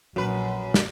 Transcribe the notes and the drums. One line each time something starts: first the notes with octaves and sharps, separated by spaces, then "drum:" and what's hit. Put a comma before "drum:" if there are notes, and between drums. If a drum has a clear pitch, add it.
A#1 F#2 F#3 B4
drum: snare